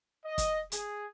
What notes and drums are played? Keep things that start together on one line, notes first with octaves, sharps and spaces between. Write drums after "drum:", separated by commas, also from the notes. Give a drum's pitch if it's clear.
D#5
drum: kick, hi-hat
G#4, drum: hi-hat